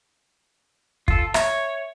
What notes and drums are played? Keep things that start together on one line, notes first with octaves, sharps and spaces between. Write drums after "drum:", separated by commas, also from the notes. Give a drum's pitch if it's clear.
F4 A4, drum: kick
C#5 E5, drum: rim click